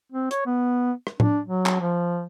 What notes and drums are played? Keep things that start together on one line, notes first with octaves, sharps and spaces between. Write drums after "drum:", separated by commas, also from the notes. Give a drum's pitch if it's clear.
C4
C#5, drum: hi-hat
B3
drum: rim click
D4, drum: tom A2
F#3
drum: clap
F3